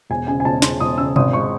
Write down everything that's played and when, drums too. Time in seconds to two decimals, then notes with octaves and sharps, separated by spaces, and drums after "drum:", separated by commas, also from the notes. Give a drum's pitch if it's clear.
0.10 E1 G#5
0.27 C#3 G#5
0.40 G#5
0.45 E1 A5
0.62 E1 C6, drum: snare
0.80 E1 D#6
0.98 C#3 E6
1.16 G#1 D#6, drum: tom B2
1.33 G#3 C#6